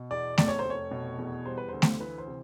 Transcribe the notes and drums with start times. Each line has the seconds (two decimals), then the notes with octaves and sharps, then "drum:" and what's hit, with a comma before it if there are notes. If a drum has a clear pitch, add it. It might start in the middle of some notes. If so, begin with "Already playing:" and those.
Already playing: B2
0.11 E2 D5
0.38 F1 D5, drum: snare A3
0.48 C#5
0.59 C5
0.64 F1
0.70 C#5
0.91 B2
1.18 E2
1.45 G3 C5
1.58 B4
1.68 D2 C5
1.82 drum: snare A3
2.00 E3 B4
2.18 C5
2.27 C3